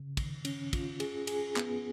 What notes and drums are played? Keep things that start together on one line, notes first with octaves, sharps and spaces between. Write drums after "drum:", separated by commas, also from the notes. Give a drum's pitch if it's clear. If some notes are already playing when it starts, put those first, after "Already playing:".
Already playing: C#3
D#3, drum: kick, cymbal
C#4, drum: cymbal
F4, drum: kick, cymbal
G#4, drum: cymbal
G#4, drum: cymbal
B3, drum: clap